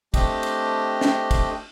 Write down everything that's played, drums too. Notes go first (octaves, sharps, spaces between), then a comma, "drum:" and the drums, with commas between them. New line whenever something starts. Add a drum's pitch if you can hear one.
A3 C4 D4 G4 D#5, drum: kick, cymbal
drum: cymbal
drum: snare
drum: kick, cymbal